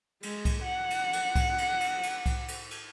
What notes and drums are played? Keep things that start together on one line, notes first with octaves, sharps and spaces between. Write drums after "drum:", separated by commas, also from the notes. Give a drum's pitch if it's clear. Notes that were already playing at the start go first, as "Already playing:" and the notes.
G#3, drum: cymbal
drum: kick C2, cymbal
F#5
drum: cymbal
drum: cymbal
drum: kick C2, cymbal
drum: cymbal
drum: cymbal
drum: cymbal
drum: kick C2, cymbal
drum: cymbal
drum: cymbal